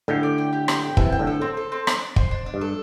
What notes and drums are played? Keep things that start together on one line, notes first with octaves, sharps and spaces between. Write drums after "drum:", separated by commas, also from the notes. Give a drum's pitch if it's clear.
A2 D3 G4
D5
G5
G4
G4, drum: rim click
G5
C3 E3 A4, drum: kick
G5
A2 D3
A4
C4
A4
C4
D4, drum: rim click
D4
C5, drum: kick
D4
D4
G2
A4